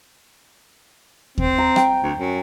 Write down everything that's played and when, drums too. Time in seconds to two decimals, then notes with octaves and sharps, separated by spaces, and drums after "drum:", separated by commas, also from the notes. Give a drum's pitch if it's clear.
1.38 C4, drum: kick D#2
1.58 A#5
1.76 G5, drum: rim click
2.03 D2
2.17 F#2